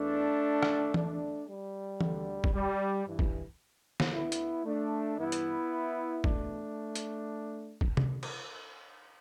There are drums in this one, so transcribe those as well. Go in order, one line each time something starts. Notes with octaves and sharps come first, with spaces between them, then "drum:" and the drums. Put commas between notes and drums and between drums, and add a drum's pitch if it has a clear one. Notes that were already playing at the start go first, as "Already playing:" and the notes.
Already playing: E2 E3 A3 D4
drum: rim click
E2 D3 A3 D4, drum: tom E3
G3
D2 D3, drum: tom E3
drum: kick
G3
G2 E3
drum: kick
drum: snare
D2 D3 B3 E4
drum: hi-hat
A3 D4
G2 E3 B3 E4
drum: hi-hat
E2 B2 A3 D4, drum: kick
drum: hi-hat
drum: kick
drum: tom C3
drum: cymbal